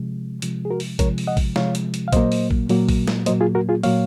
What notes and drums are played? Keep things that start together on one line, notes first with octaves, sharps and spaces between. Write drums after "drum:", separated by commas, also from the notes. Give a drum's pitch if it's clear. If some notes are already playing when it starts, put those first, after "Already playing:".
Already playing: C3 F3 G#3
C3 F3 G#3, drum: hi-hat
G#4
F#4 A#4
drum: open hi-hat
C3 F3 G#3 A#4 C#5, drum: kick A1, hi-hat
drum: open hi-hat
D#5 F#5
drum: kick A1, open hi-hat
C3 F3 G#3 C#5 F5, drum: snare
drum: hi-hat
drum: hi-hat
F5
A#2 F#3 A#3 C5 D#5, drum: kick A1, hi-hat
drum: open hi-hat
drum: kick A1
A#2 F#3 A#3, drum: open hi-hat
drum: kick A1, open hi-hat
drum: snare
A#2 F#3 A#3 C5 D#5, drum: hi-hat
F4 G#4
F#4 A#4
F4 G#4
A#2 F#3 A#3 C#5 F5, drum: open hi-hat